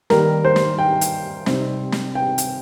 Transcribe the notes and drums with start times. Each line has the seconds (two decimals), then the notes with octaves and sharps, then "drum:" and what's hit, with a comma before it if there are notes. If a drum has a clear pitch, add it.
0.10 D#3 G3 A#3 A#4, drum: snare
0.45 C5
0.56 drum: snare
0.79 G5
1.01 drum: hi-hat
1.46 C3 G3 C4 D#4, drum: snare
1.92 drum: snare
2.15 G5
2.38 drum: hi-hat